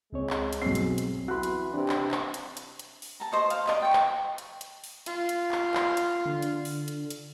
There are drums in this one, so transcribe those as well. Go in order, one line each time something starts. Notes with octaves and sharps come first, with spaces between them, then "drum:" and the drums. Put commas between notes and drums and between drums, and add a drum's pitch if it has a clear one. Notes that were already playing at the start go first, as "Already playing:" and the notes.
C#2 G#3 C4 C#5
drum: clap
drum: hi-hat
B1 C4 C7
drum: hi-hat
drum: hi-hat
E3 F#4 B5 C6 F#6
drum: hi-hat
C3 D4
drum: clap
drum: clap
drum: hi-hat
drum: hi-hat
drum: hi-hat
drum: open hi-hat
A5 A#5
C5 D#5 C#6
F5, drum: hi-hat
D5 D#5, drum: clap
G5 C#6
drum: clap
drum: hi-hat
drum: hi-hat
drum: open hi-hat
F4, drum: hi-hat
drum: hi-hat
drum: clap
drum: clap
drum: hi-hat
D3
drum: hi-hat
drum: open hi-hat
drum: hi-hat
drum: hi-hat